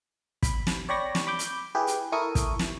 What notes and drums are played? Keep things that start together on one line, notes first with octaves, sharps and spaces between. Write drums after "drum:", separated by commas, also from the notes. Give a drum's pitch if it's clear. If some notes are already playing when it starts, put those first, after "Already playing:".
B5, drum: kick, hi-hat
drum: snare
C#5 D5 G5 B5 C#6 A#6
drum: snare
B5 D6 G6
drum: hi-hat
E4 G4 G#4 B4
drum: hi-hat
E4 A4 A#4 C#6 D#6
drum: kick, hi-hat
drum: snare